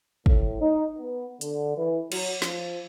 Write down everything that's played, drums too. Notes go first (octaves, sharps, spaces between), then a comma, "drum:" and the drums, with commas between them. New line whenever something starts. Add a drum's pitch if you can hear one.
A2, drum: kick
D#4
B3
D3, drum: hi-hat
E3
F#3, drum: cymbal
F3, drum: snare